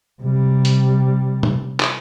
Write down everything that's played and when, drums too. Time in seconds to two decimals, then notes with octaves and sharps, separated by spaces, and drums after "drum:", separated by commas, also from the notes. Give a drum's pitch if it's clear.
0.21 C3 G3
0.65 drum: hi-hat
1.43 drum: tom
1.80 drum: clap